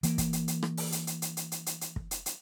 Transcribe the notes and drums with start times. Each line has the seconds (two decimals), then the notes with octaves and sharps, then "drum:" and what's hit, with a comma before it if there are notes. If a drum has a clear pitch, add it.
0.03 E3 A#3, drum: hi-hat
0.18 drum: kick, hi-hat
0.33 drum: hi-hat
0.48 drum: hi-hat
0.63 drum: rim click
0.77 drum: open hi-hat
0.92 drum: hi-hat
1.07 drum: hi-hat
1.22 drum: hi-hat
1.37 drum: hi-hat
1.52 drum: hi-hat
1.66 drum: hi-hat
1.81 drum: hi-hat
1.96 drum: kick
2.11 drum: hi-hat
2.26 drum: hi-hat